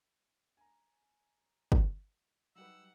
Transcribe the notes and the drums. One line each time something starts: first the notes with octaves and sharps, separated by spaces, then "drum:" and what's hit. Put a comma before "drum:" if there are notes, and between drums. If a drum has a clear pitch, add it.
G#5 A#5
drum: kick
F#3 G3 D#4 G4 B4 F#5 E6